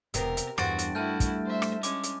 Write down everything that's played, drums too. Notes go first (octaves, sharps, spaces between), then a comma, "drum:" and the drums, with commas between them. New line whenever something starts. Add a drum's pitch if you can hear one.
E1 C3 B3 C4 A#4, drum: hi-hat
drum: hi-hat
E2 G2 F#4 C5 A6 D7, drum: rim click
drum: hi-hat
A3 E4 F#4 A5 F6 G6
drum: kick, hi-hat
C5 E5
drum: rim click
G#3 C#4 D6, drum: hi-hat
drum: hi-hat